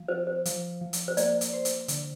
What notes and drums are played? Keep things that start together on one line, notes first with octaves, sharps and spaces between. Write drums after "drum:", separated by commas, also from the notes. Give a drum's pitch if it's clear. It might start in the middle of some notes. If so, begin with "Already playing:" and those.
Already playing: F3
F4 C5
C5
F3, drum: hi-hat
F3
drum: hi-hat
C5
A#3 D5, drum: hi-hat
drum: hi-hat
C5
drum: hi-hat
D3, drum: hi-hat